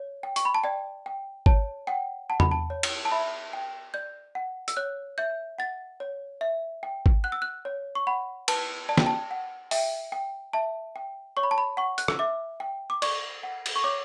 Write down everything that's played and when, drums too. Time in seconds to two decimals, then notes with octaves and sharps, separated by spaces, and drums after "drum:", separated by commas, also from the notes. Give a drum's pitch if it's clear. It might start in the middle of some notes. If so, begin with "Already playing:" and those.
Already playing: C#5
0.23 G5
0.36 C#6, drum: hi-hat
0.45 B5
0.55 A5
0.64 D5 G5
1.06 G5
1.46 C#5 A5, drum: kick G#1
1.87 F#5 G5
2.30 F#5 A5
2.40 B5, drum: tom E2
2.51 A5
2.70 C#5
2.83 drum: cymbal
3.05 A5
3.11 E5 B5
3.53 G5
3.94 D5 G6
4.35 F#5
4.68 E6, drum: hi-hat
4.77 C#5 F#6
5.18 E5 G6
5.58 F#5 A6
6.00 C#5
6.41 E5
6.83 G5
7.06 drum: kick G#1
7.24 F#5 F#6
7.32 E6
7.42 F#6
7.65 C#5
7.95 C#6
8.07 F#5 B5
8.48 B4 A5, drum: cymbal
8.89 D5 A5
8.97 G5, drum: snare
9.06 A5
9.31 F#5
9.71 E5 G5, drum: open hi-hat
10.12 G5
10.53 E5 A5
10.96 G5
11.37 C#5 C#6
11.43 B5
11.51 A5
11.58 B5
11.77 F#5 C#6
11.98 F#6, drum: hi-hat
12.08 E6, drum: rim click
12.19 E5 D6
12.60 G5
12.90 D6
13.02 D5 C#6, drum: cymbal
13.43 F#5
13.66 drum: cymbal
13.76 C#6
13.84 C#5 D6